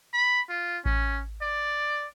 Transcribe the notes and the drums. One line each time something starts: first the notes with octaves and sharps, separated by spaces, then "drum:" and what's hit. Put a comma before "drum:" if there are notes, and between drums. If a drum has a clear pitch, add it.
B5
F4
C#4, drum: kick A1
D5